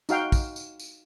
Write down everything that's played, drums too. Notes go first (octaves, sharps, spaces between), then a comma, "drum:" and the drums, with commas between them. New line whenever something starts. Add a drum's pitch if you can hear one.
D#4 F#4 F5 G5, drum: tambourine
drum: kick, tambourine
drum: tambourine
drum: tambourine